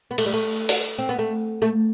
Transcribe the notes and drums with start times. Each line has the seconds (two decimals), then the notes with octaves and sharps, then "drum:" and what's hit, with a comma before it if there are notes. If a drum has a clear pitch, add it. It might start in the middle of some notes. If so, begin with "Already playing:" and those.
0.11 B3
0.18 A3, drum: cymbal
0.26 G3
0.33 A3
0.69 drum: open hi-hat
0.98 C4
1.09 B3
1.19 A3
1.62 A3